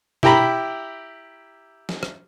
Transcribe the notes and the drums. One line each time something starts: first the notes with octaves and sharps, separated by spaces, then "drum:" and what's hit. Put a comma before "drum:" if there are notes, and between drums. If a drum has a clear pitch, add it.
E4 G4 G5 A#5 B5, drum: tom B2
drum: snare
drum: rim click